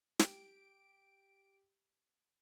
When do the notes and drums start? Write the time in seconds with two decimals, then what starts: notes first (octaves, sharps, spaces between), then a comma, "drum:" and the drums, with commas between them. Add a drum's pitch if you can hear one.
0.19 G4 D7, drum: snare